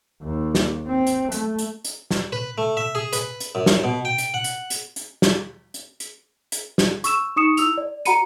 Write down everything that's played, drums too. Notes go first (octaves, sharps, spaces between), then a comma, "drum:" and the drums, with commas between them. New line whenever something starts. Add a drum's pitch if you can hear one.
D#2
drum: snare
C4
drum: hi-hat
A3, drum: hi-hat
drum: hi-hat
drum: hi-hat
drum: snare
B4
A3
E5
G#4
B4, drum: hi-hat
drum: hi-hat
F#2
drum: snare
B2
G5
drum: hi-hat
F#5
drum: hi-hat
drum: hi-hat
drum: hi-hat
drum: snare
drum: hi-hat
drum: hi-hat
drum: hi-hat
drum: snare
C#6 E6 E7, drum: hi-hat
D#4 C#6 D#6 C#7 E7
E4 E6 F7, drum: hi-hat
D5
F#4 F#5 A#5 B5 C#7 D#7, drum: hi-hat